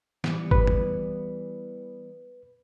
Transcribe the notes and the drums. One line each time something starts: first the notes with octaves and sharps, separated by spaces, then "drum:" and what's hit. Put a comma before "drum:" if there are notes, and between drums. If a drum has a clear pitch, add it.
E3 G3 B3, drum: snare
B4, drum: kick G#1
drum: tom